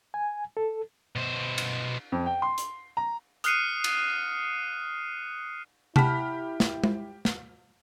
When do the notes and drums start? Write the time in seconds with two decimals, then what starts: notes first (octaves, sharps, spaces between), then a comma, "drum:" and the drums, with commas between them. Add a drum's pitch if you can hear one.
0.14 G#5
0.57 A4
1.16 B2 C5
1.58 drum: cymbal
2.12 F2
2.26 G5
2.42 C6
2.58 drum: hi-hat
2.97 A#5
3.44 D#6 F6 F#6 C7 C#7 D#7, drum: hi-hat
3.84 drum: cymbal
5.96 E4 G4 F#5 A5 B5 F6 B6, drum: tom C3
6.60 drum: snare
6.84 drum: tom G#3
7.25 drum: snare